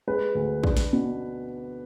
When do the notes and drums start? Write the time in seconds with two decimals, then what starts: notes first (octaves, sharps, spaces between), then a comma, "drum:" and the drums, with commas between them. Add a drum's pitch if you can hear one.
0.07 G#3 B4
0.35 D2
0.64 D4, drum: kick
0.77 drum: snare
0.93 B2